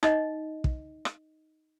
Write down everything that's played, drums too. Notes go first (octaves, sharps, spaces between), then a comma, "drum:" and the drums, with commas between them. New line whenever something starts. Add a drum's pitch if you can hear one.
D#4 D#5, drum: rim click
drum: kick
drum: rim click